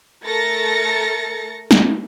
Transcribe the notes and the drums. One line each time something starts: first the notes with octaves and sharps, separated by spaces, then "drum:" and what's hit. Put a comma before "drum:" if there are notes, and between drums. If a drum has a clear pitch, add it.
A3 A4 A#4 A6 A#6 C#7
drum: snare